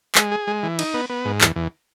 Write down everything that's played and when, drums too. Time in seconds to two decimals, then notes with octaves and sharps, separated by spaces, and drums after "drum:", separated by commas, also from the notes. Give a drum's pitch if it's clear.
0.15 G#3, drum: clap
0.31 G#4
0.47 G#3
0.63 E3
0.79 D#4, drum: cymbal
0.94 B3
1.10 B3
1.25 G#2
1.41 E2, drum: clap
1.56 E2